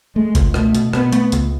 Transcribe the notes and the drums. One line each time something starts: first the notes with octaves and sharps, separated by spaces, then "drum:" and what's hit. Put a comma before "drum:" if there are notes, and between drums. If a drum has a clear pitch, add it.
G#3 A3
C#2, drum: kick G1, hi-hat
B2 A3, drum: rim click
B2, drum: hi-hat
B2 B3, drum: rim click
A3, drum: hi-hat
C#2, drum: hi-hat